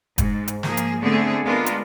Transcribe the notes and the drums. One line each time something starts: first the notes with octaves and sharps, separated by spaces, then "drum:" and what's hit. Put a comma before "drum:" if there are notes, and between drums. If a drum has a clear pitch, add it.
G#2, drum: kick, hi-hat
drum: hi-hat
F3 A#3 G#4, drum: snare
drum: hi-hat
D3 A3 B3 C4 D4 G#4
G#3 B3 D4 F4 A#4
drum: hi-hat